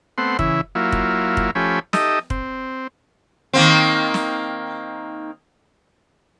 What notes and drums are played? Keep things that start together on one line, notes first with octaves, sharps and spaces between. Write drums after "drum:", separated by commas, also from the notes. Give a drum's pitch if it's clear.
A3 B3 C4 F#5 C6
C#3 E3 E4, drum: kick
F#3 A#3 E4 F4
drum: kick
drum: kick
F3 A3 C#4 G4 G#5 B5
D#4 G4 A4 D#5 E5, drum: snare
C4, drum: kick
D#3 A#3 C4
drum: snare